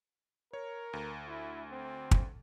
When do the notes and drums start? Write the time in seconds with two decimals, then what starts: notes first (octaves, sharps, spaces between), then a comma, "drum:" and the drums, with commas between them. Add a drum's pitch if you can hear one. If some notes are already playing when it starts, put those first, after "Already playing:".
0.53 A#4 C#5
0.93 D2
1.28 E4
1.72 C4
2.11 drum: kick